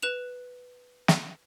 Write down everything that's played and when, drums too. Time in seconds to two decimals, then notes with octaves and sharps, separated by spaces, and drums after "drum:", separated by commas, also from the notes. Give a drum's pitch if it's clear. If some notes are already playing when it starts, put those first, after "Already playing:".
0.02 B4 F#6 E7 F7
1.08 drum: snare